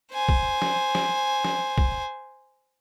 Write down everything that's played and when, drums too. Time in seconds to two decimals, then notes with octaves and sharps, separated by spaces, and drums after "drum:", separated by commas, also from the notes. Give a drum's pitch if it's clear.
0.12 C5 G#5
0.29 drum: kick
0.62 drum: snare
0.95 drum: snare
1.45 drum: snare
1.78 drum: kick